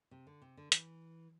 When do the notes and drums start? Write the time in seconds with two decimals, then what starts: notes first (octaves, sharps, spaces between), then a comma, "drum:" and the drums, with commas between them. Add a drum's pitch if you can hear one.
0.11 C3
0.27 D3
0.42 C3
0.57 D3
0.72 E3, drum: hi-hat